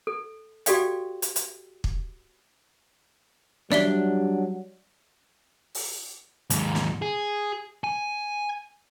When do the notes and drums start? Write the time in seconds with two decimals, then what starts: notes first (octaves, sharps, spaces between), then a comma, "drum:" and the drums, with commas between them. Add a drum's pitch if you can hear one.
0.07 A4
0.66 F#4 G4 A4 D5 F5 G5, drum: hi-hat
1.22 drum: hi-hat
1.36 drum: hi-hat
1.84 drum: kick
3.72 F#3 G3 D4 D5 E5 G7, drum: snare
5.75 drum: open hi-hat
6.50 D#2 G#2, drum: hi-hat
6.75 drum: snare
7.02 G#4
7.84 G#5